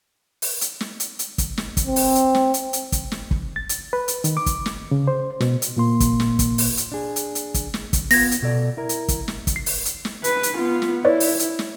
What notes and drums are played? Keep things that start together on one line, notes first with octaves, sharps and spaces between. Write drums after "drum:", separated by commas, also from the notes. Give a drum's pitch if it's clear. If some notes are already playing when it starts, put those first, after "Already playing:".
drum: open hi-hat
drum: hi-hat
drum: snare
drum: hi-hat
drum: hi-hat
drum: kick, hi-hat
drum: snare
drum: kick, hi-hat
C4
drum: open hi-hat
drum: hi-hat
drum: snare
drum: hi-hat
drum: hi-hat
drum: kick, hi-hat
drum: snare
drum: kick
A6
drum: hi-hat
B4
drum: hi-hat
D#3, drum: hi-hat
D6
drum: kick, hi-hat
drum: snare
C#3
C5
B2, drum: snare
drum: hi-hat
A#2 A#3 C6
drum: kick, hi-hat
drum: snare
drum: kick, hi-hat
drum: open hi-hat
drum: hi-hat
D4 G#4
drum: hi-hat
drum: hi-hat
drum: kick, hi-hat
drum: snare
drum: kick, hi-hat
B3 F4 G#6 A#6, drum: open hi-hat
drum: hi-hat
B2 A4 D5
E4 A#4
drum: hi-hat
drum: kick, hi-hat
drum: snare
drum: kick, hi-hat
C7
drum: open hi-hat
drum: hi-hat
drum: snare
B4, drum: hi-hat
drum: hi-hat
B3 F4
drum: snare
E4 B4 C#5 D5
drum: open hi-hat
drum: hi-hat
drum: snare